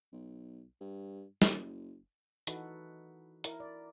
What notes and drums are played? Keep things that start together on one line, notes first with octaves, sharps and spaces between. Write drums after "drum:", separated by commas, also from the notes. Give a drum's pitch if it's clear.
B1
G2
F#1, drum: snare
E3 D#4 F#4 A4 B4, drum: hi-hat
E4 A#4, drum: hi-hat
D5